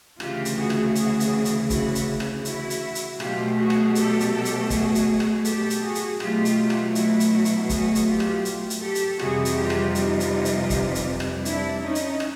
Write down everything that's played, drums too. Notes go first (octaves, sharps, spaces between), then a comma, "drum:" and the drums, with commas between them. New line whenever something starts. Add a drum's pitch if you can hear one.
D2 C#3 E3 F4 G4, drum: rim click
drum: hi-hat
F#4 G#4
drum: rim click
F#4 G#4, drum: hi-hat
drum: hi-hat
drum: hi-hat
E4 F#4, drum: kick, hi-hat
drum: hi-hat
drum: rim click
E4 F#4, drum: hi-hat
drum: hi-hat
drum: hi-hat
B2 F#3 A3 F4 G4, drum: rim click
F#4 G#4
drum: rim click
G4 A4, drum: hi-hat
drum: hi-hat
G4 A4
drum: hi-hat
F#4 G#4, drum: kick, hi-hat
drum: hi-hat
drum: rim click
G4 A4, drum: hi-hat
drum: hi-hat
F#4 G#4
drum: hi-hat
B2 F#3 A3 F4 G4, drum: rim click
drum: hi-hat
drum: rim click
E4 F#4, drum: hi-hat
drum: hi-hat
E4 F#4
drum: hi-hat
F#4 G#4, drum: kick, hi-hat
drum: hi-hat
F4 G4
drum: rim click
drum: hi-hat
drum: hi-hat
G4 A4
drum: hi-hat
F2 C3 E3 G3 F#4 G#4, drum: rim click
drum: hi-hat
F4 G4
drum: rim click
D#4 F4, drum: hi-hat
drum: hi-hat
drum: hi-hat
drum: kick, hi-hat
drum: hi-hat
drum: rim click
D4 E4, drum: hi-hat
C#4 D#4
drum: hi-hat
drum: rim click